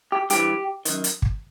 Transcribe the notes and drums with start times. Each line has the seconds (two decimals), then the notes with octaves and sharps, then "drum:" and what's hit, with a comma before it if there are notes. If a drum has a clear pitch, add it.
0.12 G4
0.30 G2 E3 G4, drum: hi-hat
0.85 F#2 D#3, drum: hi-hat
1.04 drum: hi-hat
1.22 drum: kick